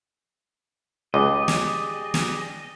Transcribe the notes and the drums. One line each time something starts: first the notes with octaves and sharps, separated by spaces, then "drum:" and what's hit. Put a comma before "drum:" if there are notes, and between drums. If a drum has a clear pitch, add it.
C#2 G4 G#4 D5 D#5 D6
drum: snare
drum: snare